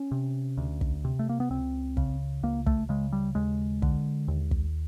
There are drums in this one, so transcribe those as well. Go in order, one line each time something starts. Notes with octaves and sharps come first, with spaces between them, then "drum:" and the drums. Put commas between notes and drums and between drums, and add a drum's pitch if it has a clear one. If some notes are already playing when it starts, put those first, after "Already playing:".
Already playing: C#4
C3
D2
drum: kick
C3
A3
A#3
B3
C#2 C4
C#3, drum: kick
C#2 A#3
A3, drum: kick
C#3 G#3
G3
D#2 G#3
D3, drum: kick
D#2
drum: kick